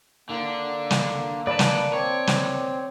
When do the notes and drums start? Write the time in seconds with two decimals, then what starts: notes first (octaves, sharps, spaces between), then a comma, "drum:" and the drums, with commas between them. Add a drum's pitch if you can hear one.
0.29 D3 A#3 D4
0.91 drum: snare
1.47 B4 D5 A5
1.59 drum: snare
1.93 C4 C#5
2.27 drum: snare